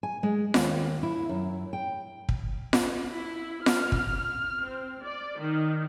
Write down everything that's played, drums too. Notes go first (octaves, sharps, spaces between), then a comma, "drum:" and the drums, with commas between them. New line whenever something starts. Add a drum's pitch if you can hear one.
G#5
G#3
D#2, drum: snare F4
E4
F#2
G5
drum: kick
drum: snare F4
E4
F6, drum: snare F4
drum: kick
C4
D5
D#3